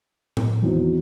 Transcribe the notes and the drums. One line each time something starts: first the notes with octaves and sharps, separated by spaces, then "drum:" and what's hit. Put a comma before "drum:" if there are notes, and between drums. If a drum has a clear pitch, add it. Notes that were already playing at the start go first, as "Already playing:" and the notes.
drum: tom A2
E2 D#3 F#3 C4 D#4